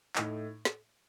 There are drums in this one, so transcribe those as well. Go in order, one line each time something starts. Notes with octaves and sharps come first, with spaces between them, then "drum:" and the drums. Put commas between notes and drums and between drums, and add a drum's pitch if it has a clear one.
A2 A3 D#4, drum: clap
drum: snare